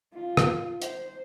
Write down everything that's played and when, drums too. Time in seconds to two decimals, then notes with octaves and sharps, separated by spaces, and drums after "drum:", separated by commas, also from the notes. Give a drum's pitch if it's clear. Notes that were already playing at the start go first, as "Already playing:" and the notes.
0.15 F4
0.37 drum: rim click
0.82 C5, drum: hi-hat